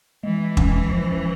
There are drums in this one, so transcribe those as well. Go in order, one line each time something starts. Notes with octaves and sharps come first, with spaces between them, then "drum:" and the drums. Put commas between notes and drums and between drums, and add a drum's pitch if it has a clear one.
E3 G#3
C#4, drum: kick
F3